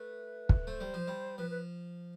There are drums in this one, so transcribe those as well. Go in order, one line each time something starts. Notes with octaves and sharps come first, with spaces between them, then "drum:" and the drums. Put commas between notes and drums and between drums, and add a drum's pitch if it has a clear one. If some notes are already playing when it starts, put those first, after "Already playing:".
Already playing: A3 B4
drum: kick
A3 C5
G3
F3
G3
F3 B4
B4